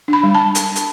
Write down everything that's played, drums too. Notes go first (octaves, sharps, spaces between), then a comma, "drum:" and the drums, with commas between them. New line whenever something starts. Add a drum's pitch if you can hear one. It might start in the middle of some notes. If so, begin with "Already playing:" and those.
D4 B5
G3
A5
drum: hi-hat
drum: hi-hat